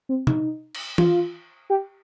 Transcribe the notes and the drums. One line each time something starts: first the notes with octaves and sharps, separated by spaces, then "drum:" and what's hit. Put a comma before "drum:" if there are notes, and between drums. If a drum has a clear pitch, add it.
C4
D#4, drum: tom
drum: cymbal
F4, drum: tom
G4